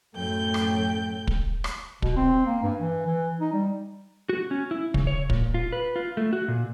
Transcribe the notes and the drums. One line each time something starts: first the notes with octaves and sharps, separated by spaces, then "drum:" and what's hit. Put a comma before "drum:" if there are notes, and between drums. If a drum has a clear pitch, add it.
F#2 A2 A4 G5 G6
drum: rim click
drum: kick
drum: rim click
B2, drum: kick
C4
A#3
G2
E3
E3
D#4
G3
F#4
C#4
E4
C#3, drum: kick
C#5
A#2, drum: kick
F4
B4
F4
A3
F#4
A#2